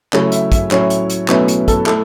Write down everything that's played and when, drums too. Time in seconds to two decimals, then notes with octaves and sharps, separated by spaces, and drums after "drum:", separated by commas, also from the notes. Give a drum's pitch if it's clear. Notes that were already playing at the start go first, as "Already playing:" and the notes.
0.13 C#3 F#3 A3 E4 C#5, drum: clap
0.32 E5, drum: hi-hat
0.52 E5, drum: kick, hi-hat
0.71 A2 F#3 A3 C#4 E4 C#5, drum: clap
0.90 drum: hi-hat
1.10 drum: hi-hat
1.28 B2 F#3 A3 C#4 E4 B4, drum: clap
1.48 B4, drum: hi-hat
1.68 A4, drum: kick, hi-hat
1.86 A3 E4 A4, drum: clap